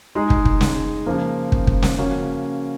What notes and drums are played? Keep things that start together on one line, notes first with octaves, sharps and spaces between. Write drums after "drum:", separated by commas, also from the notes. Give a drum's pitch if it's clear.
G#3 D#4 G#4
drum: kick
drum: kick
drum: snare
C#3 F3 A#3
drum: kick
drum: kick
drum: snare
C#3 F3 A#3 C#4 F#4